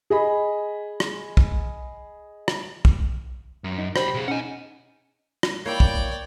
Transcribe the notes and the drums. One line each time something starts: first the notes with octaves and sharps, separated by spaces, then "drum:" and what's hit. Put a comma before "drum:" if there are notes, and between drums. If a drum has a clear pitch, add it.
G#4 D#5 B5
drum: rim click
drum: kick
drum: rim click
drum: kick
F#2
D#4
B1 G4 C5 B5, drum: rim click
B2 G#4
C#4 D#4 F#5 G#5
drum: rim click
A#3 E4 C#5 D5 G5
drum: kick